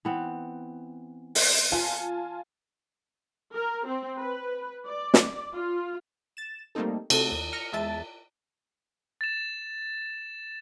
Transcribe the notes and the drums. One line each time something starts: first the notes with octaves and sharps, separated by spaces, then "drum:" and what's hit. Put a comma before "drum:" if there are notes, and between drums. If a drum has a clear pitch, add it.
E3 B3 C4
drum: open hi-hat
F4 G#5 A5
A#4
C4
B4
D5
drum: snare
F4
A6 E7
G3 A3 A#3 C4 D#4 A4
C3 A3 C4 F#4 A4, drum: cymbal
D#2
F6 A#6 C#7
E2 G#3 E5 A5 A6
A6 E7